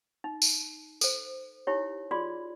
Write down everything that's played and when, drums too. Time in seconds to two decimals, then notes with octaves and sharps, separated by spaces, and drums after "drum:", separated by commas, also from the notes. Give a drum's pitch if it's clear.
0.24 D#4
0.42 drum: tambourine
1.01 A4 C5, drum: tambourine
1.67 D#4 E4 G4 C#5
2.11 F4 F#4 G#4 D5 C6